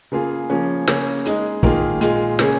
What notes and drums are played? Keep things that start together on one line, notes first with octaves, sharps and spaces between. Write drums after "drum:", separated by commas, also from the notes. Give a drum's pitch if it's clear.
C#3 A#3 F4 G#4
C#3 F3 A#3 C#4 G#4
C#3 A#3 C#4, drum: snare
G#3 D#4 G#4, drum: hi-hat
D#3 A#3 F4 G#4, drum: kick
A#2 G#3 F4 G#4, drum: hi-hat
C#3 A#3 C#4 G#4, drum: snare